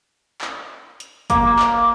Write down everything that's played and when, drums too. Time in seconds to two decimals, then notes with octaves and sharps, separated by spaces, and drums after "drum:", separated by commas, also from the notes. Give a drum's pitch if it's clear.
0.41 drum: clap
1.00 drum: hi-hat
1.30 A#3, drum: kick G1, hi-hat
1.59 drum: clap